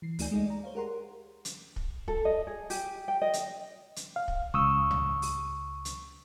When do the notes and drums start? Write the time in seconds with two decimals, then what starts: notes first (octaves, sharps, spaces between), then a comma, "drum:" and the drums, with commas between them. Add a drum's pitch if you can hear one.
0.02 E3 C7
0.19 D2 A3 D#4 D5 G#5 G6, drum: open hi-hat
0.31 G#3 D#4 D#5
0.46 D5 A#5
0.63 C5 C#5 F5
0.75 G4 G#4 A#4 F#5 A#5 C6
1.45 drum: hi-hat
1.76 drum: kick
2.08 A4, drum: kick
2.25 D#5
2.47 G#4
2.70 G4, drum: open hi-hat
3.08 G5
3.22 D#5
3.33 drum: hi-hat
3.96 drum: hi-hat
4.16 F5
4.28 drum: kick
4.54 C#2 C#6 D#6 E6
4.91 drum: tom
5.22 drum: open hi-hat
5.85 drum: hi-hat